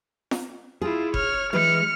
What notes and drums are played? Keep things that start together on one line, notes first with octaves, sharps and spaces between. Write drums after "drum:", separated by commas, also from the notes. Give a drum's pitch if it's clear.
drum: snare
E4 F4 G#4
C#5 F6, drum: kick F#1
E3 G#3 B4 F6 C#7